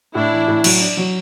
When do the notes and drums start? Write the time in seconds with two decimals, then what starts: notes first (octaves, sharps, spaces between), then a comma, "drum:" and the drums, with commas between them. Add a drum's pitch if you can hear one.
0.14 A2 D4 E4
0.32 E3
0.48 A2
0.64 F#3, drum: cymbal
0.81 D4
0.97 F#3